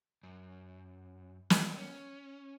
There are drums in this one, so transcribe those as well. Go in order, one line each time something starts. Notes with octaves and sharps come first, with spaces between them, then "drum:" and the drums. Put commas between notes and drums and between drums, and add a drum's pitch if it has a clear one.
F#2
drum: snare
C#4